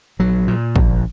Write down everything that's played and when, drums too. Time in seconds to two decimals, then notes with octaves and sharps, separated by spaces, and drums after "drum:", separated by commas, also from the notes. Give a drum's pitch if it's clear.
0.19 A#1 F#3
0.48 A#2
0.76 A#1, drum: kick